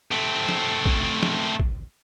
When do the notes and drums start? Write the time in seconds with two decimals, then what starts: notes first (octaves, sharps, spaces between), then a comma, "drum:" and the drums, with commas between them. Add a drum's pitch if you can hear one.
0.12 A3 C4
0.49 drum: snare
0.86 drum: kick
1.23 drum: snare
1.60 drum: kick